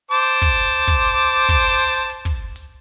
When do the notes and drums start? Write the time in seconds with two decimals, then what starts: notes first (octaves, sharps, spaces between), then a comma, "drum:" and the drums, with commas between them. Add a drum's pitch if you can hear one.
0.11 C5 A5 D6, drum: hi-hat
0.26 drum: hi-hat
0.42 drum: kick, hi-hat
0.88 drum: kick, hi-hat
1.18 drum: hi-hat
1.33 drum: hi-hat
1.49 drum: kick, hi-hat
1.79 drum: hi-hat
1.95 drum: hi-hat
2.10 drum: hi-hat
2.25 drum: kick, hi-hat
2.56 drum: hi-hat